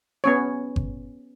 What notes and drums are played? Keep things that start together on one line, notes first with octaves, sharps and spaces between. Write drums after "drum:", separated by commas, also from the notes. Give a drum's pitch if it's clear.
B3 C#4 C#5
drum: kick G1